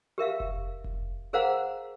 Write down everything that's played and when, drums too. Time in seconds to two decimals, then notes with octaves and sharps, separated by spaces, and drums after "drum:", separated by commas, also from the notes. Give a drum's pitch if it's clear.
0.18 G4 A#4 E5 F5
0.40 drum: kick F1
0.84 drum: kick F1
1.33 G#4 A#4 C5 F5 F#5 A#5